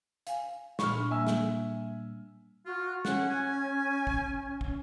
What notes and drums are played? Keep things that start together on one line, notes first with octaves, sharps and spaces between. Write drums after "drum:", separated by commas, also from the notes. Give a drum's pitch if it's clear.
F5 G#5, drum: hi-hat
A#2 D4 B5 C#6 F6, drum: snare
G3 A#3 E5 G#5 E6
drum: snare
F4 F#4
C#4 F#5, drum: snare
G#5
drum: kick
drum: kick